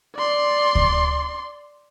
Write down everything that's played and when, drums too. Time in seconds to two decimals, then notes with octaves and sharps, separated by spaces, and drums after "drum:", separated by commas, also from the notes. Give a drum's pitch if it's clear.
0.16 D5 C6
0.75 drum: kick D2